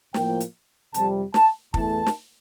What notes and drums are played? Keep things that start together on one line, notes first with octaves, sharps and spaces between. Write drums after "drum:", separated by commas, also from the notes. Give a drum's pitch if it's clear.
A2 F3 A#3 G5, drum: snare
drum: hi-hat
F2 C3 G3 A5, drum: hi-hat
A5, drum: snare
E2 E3 A3 A5, drum: kick
drum: snare